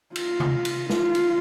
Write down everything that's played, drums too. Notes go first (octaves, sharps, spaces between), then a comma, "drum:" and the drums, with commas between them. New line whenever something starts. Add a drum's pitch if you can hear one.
F4, drum: cymbal
drum: tom C3
drum: cymbal
F4, drum: snare
drum: cymbal